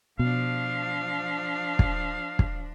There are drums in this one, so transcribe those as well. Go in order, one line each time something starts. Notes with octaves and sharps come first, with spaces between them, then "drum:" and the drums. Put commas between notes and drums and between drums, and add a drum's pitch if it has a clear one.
B2 F3 D4 F5
drum: kick
drum: kick